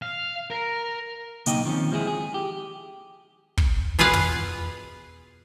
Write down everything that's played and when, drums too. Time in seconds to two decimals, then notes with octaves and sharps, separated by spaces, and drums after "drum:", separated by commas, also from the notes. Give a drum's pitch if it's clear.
0.02 F5
0.50 A#4
1.46 B1 C#3 A#3 D#4 D#5 G5, drum: hi-hat
1.65 D#3 F3 C4 C#4
1.92 F3 G#3 E4 G#4
2.07 G#4
2.34 G4
3.57 drum: kick
3.99 B2 F4 G#4 B4 F5 F#5
4.13 drum: tom